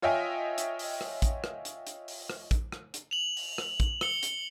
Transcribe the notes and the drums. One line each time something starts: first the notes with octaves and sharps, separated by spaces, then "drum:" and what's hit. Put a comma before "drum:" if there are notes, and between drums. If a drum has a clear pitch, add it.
F4 C#5 D#5 E5 G5 G#5
drum: hi-hat
drum: open hi-hat
drum: rim click
drum: kick, hi-hat
drum: rim click
drum: hi-hat
drum: hi-hat
drum: open hi-hat
drum: rim click
drum: kick, hi-hat
drum: rim click
drum: hi-hat
F7 F#7
drum: open hi-hat
drum: rim click
drum: kick, hi-hat
C#7 G7, drum: rim click
drum: hi-hat